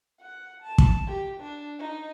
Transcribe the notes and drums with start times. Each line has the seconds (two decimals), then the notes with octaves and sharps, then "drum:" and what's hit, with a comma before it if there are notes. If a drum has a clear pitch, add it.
0.21 F#5
0.63 A5
0.78 drum: kick
1.07 G4
1.40 D4
1.79 D#4